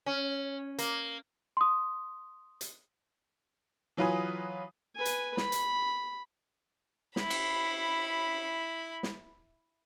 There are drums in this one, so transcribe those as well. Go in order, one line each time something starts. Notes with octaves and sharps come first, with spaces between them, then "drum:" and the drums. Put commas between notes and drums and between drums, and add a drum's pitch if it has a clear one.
C#4
A#3, drum: hi-hat
C6 D#6
drum: hi-hat
E3 F#3 F4 B4 G#5 D#6
B4 G#5
drum: hi-hat
B5, drum: snare
drum: hi-hat
E4 B5, drum: snare
drum: cymbal
drum: snare